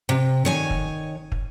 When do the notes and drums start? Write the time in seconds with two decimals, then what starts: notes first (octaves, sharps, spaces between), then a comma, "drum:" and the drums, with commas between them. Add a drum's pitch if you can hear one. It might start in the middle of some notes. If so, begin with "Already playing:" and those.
0.09 C3
0.45 D#3 C#5 G#5
0.70 drum: kick
1.32 drum: kick